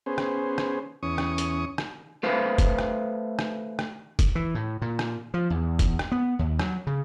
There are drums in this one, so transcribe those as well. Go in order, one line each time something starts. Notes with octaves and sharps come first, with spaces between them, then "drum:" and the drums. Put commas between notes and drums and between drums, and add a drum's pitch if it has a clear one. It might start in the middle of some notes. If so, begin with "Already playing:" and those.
B3 C#4 G#4 C5
drum: rim click
drum: rim click
E2 C#4 C#6 D#6
drum: rim click
drum: hi-hat
drum: rim click
A3 B4 C5 F5
drum: kick, hi-hat
drum: rim click
drum: rim click
drum: rim click
drum: kick, hi-hat
E3
A2
A#2
drum: rim click
F3
E2
drum: kick, hi-hat
drum: rim click
B3
D#2
F#3, drum: rim click
C#3